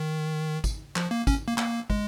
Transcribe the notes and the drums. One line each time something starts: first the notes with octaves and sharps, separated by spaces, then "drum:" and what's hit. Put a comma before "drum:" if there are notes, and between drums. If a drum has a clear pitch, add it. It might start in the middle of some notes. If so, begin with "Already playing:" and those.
Already playing: D#3
drum: kick, tambourine
F3, drum: clap
A#3
C#4, drum: kick, tambourine
A#3
A#3, drum: clap
G#3, drum: kick